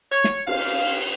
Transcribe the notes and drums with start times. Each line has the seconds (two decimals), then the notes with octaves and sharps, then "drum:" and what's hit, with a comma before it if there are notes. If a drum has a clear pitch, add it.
0.12 C#5
0.24 drum: snare
0.47 F5, drum: cymbal